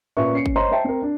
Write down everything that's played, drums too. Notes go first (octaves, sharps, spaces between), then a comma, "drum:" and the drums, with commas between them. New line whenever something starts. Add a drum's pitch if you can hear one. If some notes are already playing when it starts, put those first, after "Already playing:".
A#2 A#3 C#4 B4 E5 C#6
C#4 C7 C#7
drum: kick
C5 C#5 D#5 A#5 C6
C5 E5 G5 A5
C4 A#4
D4